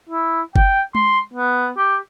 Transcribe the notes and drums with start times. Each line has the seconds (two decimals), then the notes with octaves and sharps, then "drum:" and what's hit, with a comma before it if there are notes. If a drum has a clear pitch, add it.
0.10 E4
0.56 G5, drum: kick G1
0.95 C6, drum: tom G#3
1.33 B3
1.77 G4